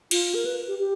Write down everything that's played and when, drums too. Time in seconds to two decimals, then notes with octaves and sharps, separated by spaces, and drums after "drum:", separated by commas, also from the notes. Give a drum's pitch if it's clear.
0.11 F4, drum: cymbal
0.35 A#4
0.45 B4
0.68 G4
0.79 G4